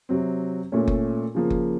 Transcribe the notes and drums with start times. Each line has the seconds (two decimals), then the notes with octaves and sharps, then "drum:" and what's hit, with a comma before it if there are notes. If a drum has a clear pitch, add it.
0.09 C3 F#3 C4
0.72 A#2 A3 C#4
0.88 drum: kick F#1
1.35 C#3 F3 A#3
1.50 drum: kick F#1